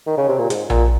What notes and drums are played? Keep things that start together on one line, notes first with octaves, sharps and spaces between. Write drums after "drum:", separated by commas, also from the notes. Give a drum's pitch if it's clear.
D#3
C#3
C3
A#2
G#2, drum: hi-hat
A#2, drum: tom A#1